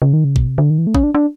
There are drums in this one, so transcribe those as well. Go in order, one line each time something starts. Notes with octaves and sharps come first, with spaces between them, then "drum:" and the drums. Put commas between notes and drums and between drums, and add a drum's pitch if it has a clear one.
C#3
D#3
C#3
B2, drum: kick
C3
D3
D#3
E3
A3
C#4, drum: kick
D4
D4